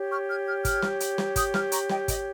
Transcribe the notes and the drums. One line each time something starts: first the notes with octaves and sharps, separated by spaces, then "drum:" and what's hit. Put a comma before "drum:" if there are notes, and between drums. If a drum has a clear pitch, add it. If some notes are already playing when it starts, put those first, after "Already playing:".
Already playing: G4 C#5
C#6 F6
F6 G#6
F6 G#6
F6 G#6, drum: kick, hi-hat
drum: snare
drum: hi-hat
drum: snare
D#6 G6, drum: kick, hi-hat
F6 G#6, drum: snare
A#5 C#6, drum: hi-hat
D#5 G5, drum: snare
D#5, drum: kick, hi-hat